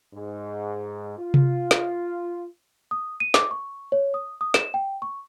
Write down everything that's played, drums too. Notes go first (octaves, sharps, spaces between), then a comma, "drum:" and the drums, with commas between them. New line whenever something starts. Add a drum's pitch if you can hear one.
G#2
F4
drum: tom C3
drum: snare
D#6
D#7
D6, drum: snare
C#6
C#5
D#6
D#6
E7, drum: snare
G5
C#6